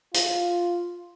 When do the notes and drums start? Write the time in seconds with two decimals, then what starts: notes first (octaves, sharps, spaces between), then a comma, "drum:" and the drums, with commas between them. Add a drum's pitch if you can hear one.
0.14 F4, drum: hi-hat